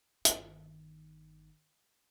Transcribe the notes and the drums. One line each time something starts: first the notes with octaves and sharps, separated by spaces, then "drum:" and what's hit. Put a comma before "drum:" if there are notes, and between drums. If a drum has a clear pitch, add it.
G1 D#3, drum: hi-hat